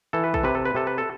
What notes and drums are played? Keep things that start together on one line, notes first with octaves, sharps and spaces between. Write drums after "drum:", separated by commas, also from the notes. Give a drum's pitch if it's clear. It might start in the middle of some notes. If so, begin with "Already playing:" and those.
E3 A4
B4
A4, drum: kick
C3 B4
A4
B4
C3 A4
B4
A4